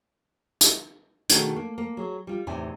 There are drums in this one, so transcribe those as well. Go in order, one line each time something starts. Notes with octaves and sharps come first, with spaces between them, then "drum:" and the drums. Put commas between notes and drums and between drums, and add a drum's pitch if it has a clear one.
drum: hi-hat
B2 D#3 A3 D4 F#4 G#4, drum: hi-hat
A#3
A#3
F#3 G#4
G3 F4
E2 A2 C3 D#4 G#5